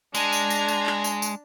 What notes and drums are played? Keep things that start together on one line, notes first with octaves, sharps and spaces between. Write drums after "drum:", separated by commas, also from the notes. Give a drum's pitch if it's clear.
G#3 D4 A#5 G#6, drum: tambourine
drum: tambourine
drum: tambourine
drum: tambourine
drum: clap
drum: tambourine
drum: tambourine